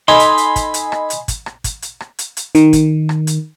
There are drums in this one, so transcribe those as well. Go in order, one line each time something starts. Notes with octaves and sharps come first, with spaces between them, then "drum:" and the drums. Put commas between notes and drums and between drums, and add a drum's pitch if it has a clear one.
D#4 A4 D#5 G#5 B5 C6
drum: hi-hat
drum: hi-hat
drum: kick, hi-hat
drum: hi-hat
drum: rim click
drum: hi-hat
drum: kick, hi-hat
drum: rim click
drum: kick, hi-hat
drum: hi-hat
drum: rim click
drum: hi-hat
drum: hi-hat
D#3, drum: hi-hat
drum: kick, hi-hat
drum: rim click
drum: hi-hat